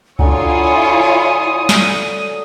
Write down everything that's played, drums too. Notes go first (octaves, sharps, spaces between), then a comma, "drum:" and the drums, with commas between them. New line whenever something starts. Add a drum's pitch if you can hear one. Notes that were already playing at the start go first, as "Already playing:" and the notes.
D3 F#3 E4 F4 C#5 G#5 D#6, drum: kick C#2
drum: snare